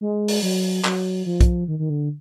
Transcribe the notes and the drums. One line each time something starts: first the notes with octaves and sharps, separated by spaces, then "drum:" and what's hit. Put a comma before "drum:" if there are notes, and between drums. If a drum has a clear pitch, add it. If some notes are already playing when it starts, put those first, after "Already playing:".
G#3
drum: open hi-hat
F#3
F#3, drum: clap
F3
drum: kick, hi-hat
D#3
D#3
D3